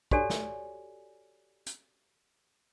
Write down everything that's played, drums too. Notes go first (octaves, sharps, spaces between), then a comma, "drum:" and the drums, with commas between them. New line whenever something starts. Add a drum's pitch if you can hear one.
F#4 G4 A4 C#5 D5 G#5, drum: kick
drum: snare
drum: hi-hat